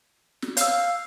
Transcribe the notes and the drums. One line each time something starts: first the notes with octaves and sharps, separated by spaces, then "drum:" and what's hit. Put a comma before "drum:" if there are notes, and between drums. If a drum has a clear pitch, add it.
drum: snare
C#5 F5 E6, drum: hi-hat